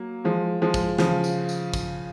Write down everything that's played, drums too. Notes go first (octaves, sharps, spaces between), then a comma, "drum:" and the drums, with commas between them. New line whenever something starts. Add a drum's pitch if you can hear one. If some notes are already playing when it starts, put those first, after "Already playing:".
Already playing: F#3 A#3
F3 G#3
F3 G#3
drum: kick, tambourine
C#3 F3, drum: snare
drum: tambourine
drum: tambourine
drum: kick, tambourine